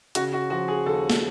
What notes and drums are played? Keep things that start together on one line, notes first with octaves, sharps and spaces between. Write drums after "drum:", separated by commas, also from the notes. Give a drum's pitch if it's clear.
C#3 F#4, drum: hi-hat
F#4
F3 F#4
G#4
D#2 A4
drum: snare